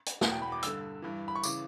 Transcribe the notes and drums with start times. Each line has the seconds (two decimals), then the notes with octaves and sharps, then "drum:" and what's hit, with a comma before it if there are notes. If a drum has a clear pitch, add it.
0.06 drum: hi-hat
0.21 E2 B2 F#5, drum: snare
0.31 G5
0.42 B5
0.52 D6
0.63 G2 D3 E6, drum: hi-hat
1.02 G2 E3
1.28 B5
1.36 C#6
1.43 C#3 E3 D6, drum: tambourine